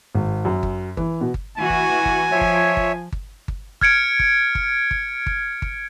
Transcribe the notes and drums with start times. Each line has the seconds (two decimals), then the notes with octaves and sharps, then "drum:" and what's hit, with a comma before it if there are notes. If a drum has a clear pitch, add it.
0.15 G#1
0.45 F#2
0.63 drum: kick G1
0.97 E3, drum: kick G1
1.21 B2
1.34 drum: kick G1
1.58 E3 F#4 G#5
1.70 drum: kick G1
2.05 drum: kick G1
2.32 F3 C#5 E5
2.41 drum: kick G1
2.77 drum: kick G1
3.12 drum: kick G1
3.48 drum: kick G1
3.81 F6 G#6 C#7 D7, drum: kick G1
4.19 drum: kick G1
4.55 drum: kick G1
4.91 drum: kick G1
5.26 drum: kick G1
5.62 drum: kick G1